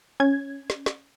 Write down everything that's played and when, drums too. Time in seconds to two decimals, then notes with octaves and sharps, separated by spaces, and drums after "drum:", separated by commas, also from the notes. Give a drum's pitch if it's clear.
0.20 C#4 G#6
0.70 drum: snare
0.86 drum: snare